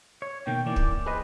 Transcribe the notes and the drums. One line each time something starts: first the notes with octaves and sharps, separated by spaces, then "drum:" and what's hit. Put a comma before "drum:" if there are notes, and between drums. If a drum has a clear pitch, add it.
C#5
B2 D#3 A#3 G5
E3 A#3 C#4 D5
drum: kick
G#4 B4 C5 D#5